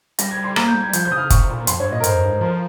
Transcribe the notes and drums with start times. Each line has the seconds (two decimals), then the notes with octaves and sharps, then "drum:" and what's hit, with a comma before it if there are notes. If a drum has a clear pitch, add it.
0.19 G3 A#6, drum: hi-hat
0.31 G#6
0.44 C6
0.56 A#3 A#5, drum: rim click
0.68 G6
0.74 G3
0.81 G#6
0.93 F3 G6, drum: hi-hat
1.05 G6
1.11 C#3 D#6
1.18 F6
1.30 C3 C#6, drum: kick, hi-hat
1.48 A#2
1.67 F2 C6, drum: hi-hat
1.80 G2 C#5
1.91 A#2 D#5
2.00 A#4
2.04 G2 C5, drum: hi-hat
2.14 F2
2.22 G2
2.32 G#2
2.41 F3 A#4